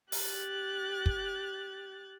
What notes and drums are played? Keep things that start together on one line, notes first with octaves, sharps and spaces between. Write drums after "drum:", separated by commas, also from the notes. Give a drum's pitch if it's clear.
G4 F#6 A6, drum: open hi-hat
drum: kick